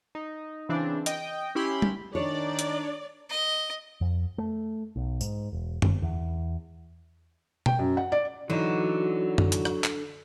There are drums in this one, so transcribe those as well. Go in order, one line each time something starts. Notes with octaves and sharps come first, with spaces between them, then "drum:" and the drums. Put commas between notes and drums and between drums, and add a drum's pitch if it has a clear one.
D#4
C#3 E3 C4 D4
D#5 G5, drum: hi-hat
C#4 E4 G4 B5 C6
drum: tom G3
D#3 D4 D#4 C#5 D5
drum: hi-hat
D#5
F2
A3
B1
G#2, drum: tambourine
E1
G1, drum: tom F#2
E2
G5, drum: tom B2
F#2
F#5
D5
D3 E3 F#3 D#4 F#4
drum: tom F#2
drum: hi-hat
drum: rim click
drum: clap